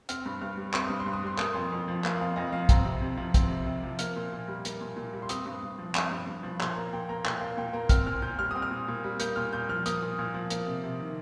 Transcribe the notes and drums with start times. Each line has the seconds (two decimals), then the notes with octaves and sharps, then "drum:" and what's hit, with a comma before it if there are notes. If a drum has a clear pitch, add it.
0.09 C4 F6, drum: hi-hat
0.26 G2
0.41 G2 F6
0.57 G3
0.73 C4 C6, drum: clap
0.87 G2 D#6
1.00 C6
1.06 G2
1.13 D#6
1.23 G3 C6
1.38 A#3 D#6, drum: clap
1.53 F2 C6
1.72 F2
1.88 F3
2.04 A#3 F5, drum: clap
2.21 F2 F5
2.36 F2 D#5
2.52 F3 F5
2.69 C4 A#5, drum: kick, hi-hat
2.85 C3
3.01 C3
3.17 F3
3.34 C4, drum: kick, hi-hat
3.50 C3
3.66 C3
3.83 F3
3.99 A#3 F6, drum: hi-hat
4.16 A#2
4.32 A#2
4.48 G3
4.65 A#3, drum: hi-hat
4.81 A#2
4.96 A#2
5.13 G3
5.22 C6
5.29 C4 D#6, drum: hi-hat
5.46 G2
5.63 G2
5.78 F3
5.95 C4, drum: clap
6.11 G2
6.27 G2
6.43 F3
6.60 A#2 C6, drum: clap
6.76 A#3 A#5
6.93 A#2 G5
7.09 A#3 A#5
7.25 A#2 G5, drum: clap
7.41 A#3 F5
7.57 A#2 G5
7.73 A#3 A#5
7.89 C4 F6, drum: kick, hi-hat
8.07 A#2 F6
8.22 A#2 G6
8.39 G3 F6
8.51 C4 D#6
8.62 F6
8.71 A#2
8.88 A#2
9.04 G3
9.20 A#3 G6, drum: hi-hat
9.36 A#2 F6
9.53 A#2 G6
9.69 F3 F6
9.86 A#3 D#6, drum: hi-hat
10.02 A#2
10.18 A#2
10.34 F3
10.50 A#3, drum: hi-hat
10.66 C3
10.84 C3
10.99 D#3